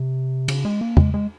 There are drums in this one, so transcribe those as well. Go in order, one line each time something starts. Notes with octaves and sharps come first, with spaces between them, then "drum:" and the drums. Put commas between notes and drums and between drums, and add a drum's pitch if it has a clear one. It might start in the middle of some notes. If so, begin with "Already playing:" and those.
Already playing: C3
C#3, drum: cymbal
G#3
A#3
G#3, drum: tom
G#3